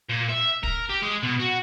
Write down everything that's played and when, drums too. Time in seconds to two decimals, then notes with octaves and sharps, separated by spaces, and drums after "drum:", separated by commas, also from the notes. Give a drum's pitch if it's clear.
0.09 A#2
0.29 E5
0.63 A#4, drum: kick
0.90 G4
1.03 G#3
1.23 B2
1.39 F#4